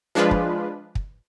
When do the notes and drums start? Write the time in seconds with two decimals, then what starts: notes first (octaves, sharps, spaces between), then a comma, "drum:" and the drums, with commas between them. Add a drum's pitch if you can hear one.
0.15 F3 G#3 D4 F4 B4
0.31 drum: kick
0.95 drum: kick